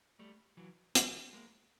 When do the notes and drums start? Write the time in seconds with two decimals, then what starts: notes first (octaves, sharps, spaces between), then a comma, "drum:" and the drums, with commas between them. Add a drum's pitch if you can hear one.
0.19 G3 A3
0.57 E3 F#3
0.95 F3 G3, drum: hi-hat
1.33 G#3 A#3